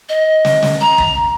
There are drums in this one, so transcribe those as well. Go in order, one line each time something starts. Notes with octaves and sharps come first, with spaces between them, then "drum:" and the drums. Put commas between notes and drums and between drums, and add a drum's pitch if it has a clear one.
D#5
drum: snare
drum: snare
A#5
drum: kick